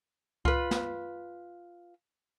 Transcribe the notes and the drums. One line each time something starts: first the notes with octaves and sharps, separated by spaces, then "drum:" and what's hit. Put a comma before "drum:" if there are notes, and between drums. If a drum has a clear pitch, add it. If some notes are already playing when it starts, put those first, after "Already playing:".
F4 B4, drum: kick C#2
drum: snare